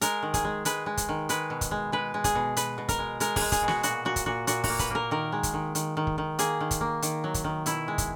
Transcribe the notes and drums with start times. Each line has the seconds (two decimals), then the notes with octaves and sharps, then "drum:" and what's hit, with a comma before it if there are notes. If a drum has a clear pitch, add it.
0.01 G#3 A#4, drum: hi-hat
0.23 D#3
0.34 G#4, drum: kick, hi-hat
0.45 G#3
0.65 G#3 B4, drum: hi-hat
0.86 G#3
0.97 drum: kick, hi-hat
1.09 D#3
1.29 G#3 B4, drum: hi-hat
1.50 B2
1.61 drum: kick, hi-hat
1.71 G#3
1.92 G#3 B4
2.14 G#3
2.24 G#4, drum: kick, hi-hat
2.35 B2
2.56 B2 B4, drum: hi-hat
2.78 B2
2.89 A#4, drum: kick, hi-hat
2.99 G#3
3.20 G#3 A#4, drum: hi-hat
3.36 G#4, drum: kick, open hi-hat
3.41 G#3
3.52 G#4, drum: kick, hi-hat
3.63 B2
3.68 F#4, drum: snare
3.83 A#2 F#4, drum: hi-hat
4.05 A#2 F#4
4.16 drum: kick, hi-hat
4.26 A#2 F#4
4.47 A#2 F#4, drum: hi-hat
4.64 F#4, drum: kick, open hi-hat
4.69 A#3
4.79 B4, drum: kick, hi-hat
4.90 A#3 A#4
5.11 D#3 A#4
5.32 G#3
5.43 drum: kick, hi-hat
5.54 D#3
5.75 D#3, drum: hi-hat
5.97 D#3
6.07 drum: kick
6.18 D#3
6.39 A#3 G#4, drum: hi-hat
6.61 D#3
6.71 drum: kick, hi-hat
6.81 A#3
7.02 D#3, drum: hi-hat
7.24 F#3
7.34 drum: kick, hi-hat
7.44 D#3
7.66 B2 E4, drum: hi-hat
7.88 G#3
7.98 drum: kick, hi-hat